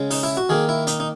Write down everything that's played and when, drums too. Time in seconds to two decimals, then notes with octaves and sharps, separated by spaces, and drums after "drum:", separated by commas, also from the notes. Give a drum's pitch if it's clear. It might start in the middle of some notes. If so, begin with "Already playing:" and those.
Already playing: C#3 G#3
0.11 D#4, drum: open hi-hat
0.23 E4
0.37 F#4
0.49 D#3 A#3 G#4
0.69 E4
0.87 D#4, drum: hi-hat
1.00 D#4